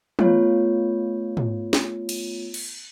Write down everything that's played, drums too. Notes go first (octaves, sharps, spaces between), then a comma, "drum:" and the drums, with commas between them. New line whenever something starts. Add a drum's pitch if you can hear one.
A3 B3 F4 C#5, drum: tom
drum: tom
drum: snare
drum: cymbal
drum: cymbal